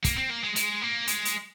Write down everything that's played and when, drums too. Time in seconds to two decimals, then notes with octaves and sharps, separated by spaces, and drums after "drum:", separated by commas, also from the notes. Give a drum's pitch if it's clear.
0.04 A#3, drum: kick, hi-hat
0.18 C4
0.31 A#3
0.44 G#3
0.56 G#3, drum: hi-hat
0.82 A#3
1.07 G#3, drum: hi-hat
1.25 drum: hi-hat